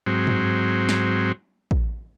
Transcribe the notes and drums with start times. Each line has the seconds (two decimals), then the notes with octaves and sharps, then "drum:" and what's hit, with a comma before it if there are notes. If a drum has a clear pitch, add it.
0.06 G#2 F#3 C4
0.27 drum: tom G2
0.89 drum: snare
1.71 drum: kick